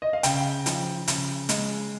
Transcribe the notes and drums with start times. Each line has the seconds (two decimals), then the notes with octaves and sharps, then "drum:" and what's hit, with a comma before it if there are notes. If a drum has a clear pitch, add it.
0.02 D#5
0.13 F5
0.23 C#3 G5, drum: hi-hat
0.66 F3, drum: hi-hat
1.08 C#3, drum: hi-hat
1.49 G#3, drum: hi-hat